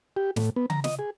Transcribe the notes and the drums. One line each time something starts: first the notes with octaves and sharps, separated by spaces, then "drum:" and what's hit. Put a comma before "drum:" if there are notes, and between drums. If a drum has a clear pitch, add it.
G4
A2, drum: snare
B3
A#5, drum: tom C#3
D#5, drum: snare
G#4